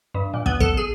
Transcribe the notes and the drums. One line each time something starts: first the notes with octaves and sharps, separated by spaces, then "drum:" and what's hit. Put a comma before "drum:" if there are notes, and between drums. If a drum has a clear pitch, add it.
G2
A#2
B3, drum: kick
A4, drum: kick
G#4